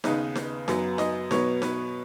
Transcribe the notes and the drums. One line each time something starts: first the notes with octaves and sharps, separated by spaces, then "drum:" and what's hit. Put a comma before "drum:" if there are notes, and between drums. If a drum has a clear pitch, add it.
D#2 C#3 B3 D#4 B4, drum: snare D#4
drum: snare D#4
F#2 F#3 B3, drum: snare D#4
D#5, drum: snare D#4
B2 F#3 B3 C#5, drum: snare D#4
B4, drum: snare D#4